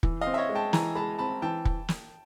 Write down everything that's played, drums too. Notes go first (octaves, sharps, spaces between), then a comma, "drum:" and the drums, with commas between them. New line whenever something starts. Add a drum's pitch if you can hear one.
E3, drum: kick
D#5 F5
C4
E5
C#5 D#5
G#3
G5 A5
E3 G#5 A#5, drum: snare
G#3 A5 B5
C4 A5 B5
E3 G5 A5
drum: kick
drum: snare